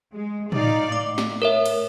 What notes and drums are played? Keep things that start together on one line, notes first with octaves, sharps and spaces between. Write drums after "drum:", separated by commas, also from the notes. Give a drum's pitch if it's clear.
G#3
D#4 D5 F5, drum: tom
A2 D6
drum: snare
A#4 C#5 E5
drum: cymbal